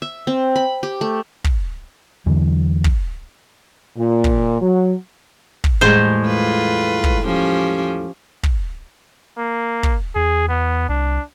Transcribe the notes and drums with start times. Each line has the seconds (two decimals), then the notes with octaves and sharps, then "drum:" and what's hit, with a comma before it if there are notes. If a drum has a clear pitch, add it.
0.02 E5
0.27 C4
0.56 B5
0.83 G4
1.01 A3
1.44 drum: kick
2.26 E2 D3 E3 F#3
2.84 drum: kick
3.97 A#2
4.24 drum: kick
4.61 F#3
5.64 drum: kick
5.81 E2 A2 G3 G#3 G#4 C5 G7
6.27 F4 B4
7.04 drum: kick
7.25 F3 C#4 G4
8.43 drum: kick
9.38 A#3
9.83 drum: kick
10.16 E2 G#4
10.49 B3
10.89 C2 D4